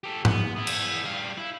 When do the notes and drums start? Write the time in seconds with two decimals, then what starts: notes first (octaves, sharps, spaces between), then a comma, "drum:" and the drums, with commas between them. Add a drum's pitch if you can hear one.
0.04 G4 A4
0.25 B3, drum: tom G#2
0.56 B3 E4
0.67 drum: cymbal
1.05 G3 F5
1.38 E4